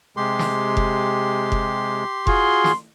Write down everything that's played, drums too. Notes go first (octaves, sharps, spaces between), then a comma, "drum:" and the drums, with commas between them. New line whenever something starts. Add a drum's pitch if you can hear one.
C3 G#3 G4 C6
drum: snare
drum: kick F1
drum: kick F1
F4 F#4 G#4 C6, drum: kick F1
drum: snare